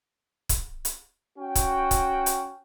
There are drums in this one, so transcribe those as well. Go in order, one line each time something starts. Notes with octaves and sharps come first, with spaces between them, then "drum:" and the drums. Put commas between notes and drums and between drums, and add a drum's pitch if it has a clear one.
drum: kick C#1, hi-hat
drum: hi-hat
C#4 F#4 G5
drum: kick C#1, hi-hat
drum: kick C#1, hi-hat
drum: hi-hat